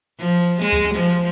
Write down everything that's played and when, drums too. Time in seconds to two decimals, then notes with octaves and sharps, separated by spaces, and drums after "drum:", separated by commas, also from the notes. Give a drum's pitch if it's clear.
0.19 F3
0.62 G#3, drum: snare
0.72 drum: kick C#2
0.94 F3